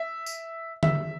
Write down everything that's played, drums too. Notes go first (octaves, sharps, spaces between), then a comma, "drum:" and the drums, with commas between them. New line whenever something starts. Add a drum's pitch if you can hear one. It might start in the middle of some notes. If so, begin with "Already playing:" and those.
Already playing: E5
drum: tambourine
E5, drum: tom D3